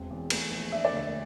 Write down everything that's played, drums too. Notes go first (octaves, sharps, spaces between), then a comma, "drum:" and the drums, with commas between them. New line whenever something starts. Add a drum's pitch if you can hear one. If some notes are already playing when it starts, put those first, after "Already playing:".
Already playing: E1 C4
E2
A3, drum: cymbal
A#1
D4 E5
D5
D2 E5